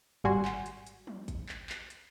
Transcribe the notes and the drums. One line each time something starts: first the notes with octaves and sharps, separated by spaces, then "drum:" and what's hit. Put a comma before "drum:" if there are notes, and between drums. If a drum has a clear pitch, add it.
G#1 G3 F#4 G#5 C6
drum: clap
drum: hi-hat
drum: hi-hat
drum: tom
drum: kick, hi-hat
drum: clap
drum: clap
drum: hi-hat